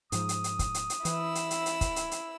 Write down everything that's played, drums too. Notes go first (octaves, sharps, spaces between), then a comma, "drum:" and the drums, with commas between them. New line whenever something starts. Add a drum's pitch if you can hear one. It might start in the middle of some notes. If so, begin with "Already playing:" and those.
G#2 F3 D#6, drum: hi-hat
drum: hi-hat
drum: hi-hat
drum: kick, hi-hat
drum: hi-hat
drum: hi-hat
E3 E4 E6, drum: hi-hat
drum: hi-hat
drum: hi-hat
drum: hi-hat
drum: kick, hi-hat
drum: hi-hat
drum: hi-hat